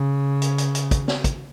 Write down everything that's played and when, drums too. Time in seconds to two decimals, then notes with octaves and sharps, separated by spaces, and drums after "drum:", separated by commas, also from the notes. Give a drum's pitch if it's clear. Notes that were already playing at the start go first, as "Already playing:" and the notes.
Already playing: C#3
0.42 drum: hi-hat
0.58 drum: hi-hat
0.75 drum: hi-hat
0.91 drum: kick, hi-hat
1.08 drum: snare
1.24 drum: kick, hi-hat